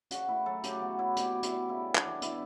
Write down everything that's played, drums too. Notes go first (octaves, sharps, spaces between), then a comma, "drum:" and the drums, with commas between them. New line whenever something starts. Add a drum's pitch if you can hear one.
C#3 F#4, drum: hi-hat
A3 E4
F#3 A4
C#3 G4, drum: hi-hat
B3 F#4
F#3 E4
B2 G4, drum: hi-hat
B3
E4, drum: hi-hat
G3
C#3 E4
B3
D4, drum: clap
E3
B2 E4, drum: hi-hat